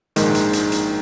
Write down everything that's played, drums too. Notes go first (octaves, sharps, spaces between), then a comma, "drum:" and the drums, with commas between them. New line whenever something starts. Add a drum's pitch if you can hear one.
A#1 G#2 D#3 G#3, drum: hi-hat
drum: hi-hat
drum: hi-hat
drum: hi-hat